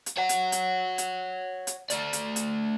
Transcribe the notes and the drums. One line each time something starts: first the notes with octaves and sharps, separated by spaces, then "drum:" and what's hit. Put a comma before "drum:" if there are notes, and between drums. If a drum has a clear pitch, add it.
drum: hi-hat
C#5 F#5
drum: hi-hat
drum: hi-hat
drum: hi-hat
drum: hi-hat
A3 D5, drum: hi-hat
drum: hi-hat
drum: hi-hat